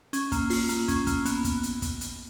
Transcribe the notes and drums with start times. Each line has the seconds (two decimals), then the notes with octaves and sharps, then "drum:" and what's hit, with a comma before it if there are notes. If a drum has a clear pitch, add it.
0.13 C#4, drum: hi-hat
0.32 A#3, drum: kick, hi-hat
0.50 F4, drum: open hi-hat
0.69 A#3, drum: hi-hat
0.88 C#4, drum: kick, hi-hat
1.07 A#3, drum: kick, hi-hat
1.25 B3, drum: hi-hat
1.44 drum: kick, hi-hat
1.63 drum: hi-hat
1.82 drum: kick, hi-hat
2.01 drum: hi-hat